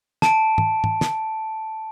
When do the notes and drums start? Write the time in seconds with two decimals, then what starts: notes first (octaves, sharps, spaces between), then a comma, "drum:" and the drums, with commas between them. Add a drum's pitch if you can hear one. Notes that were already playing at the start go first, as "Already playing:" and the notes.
0.22 A5 D7, drum: snare
0.58 drum: tom G#2
0.84 drum: tom G#2
1.01 drum: snare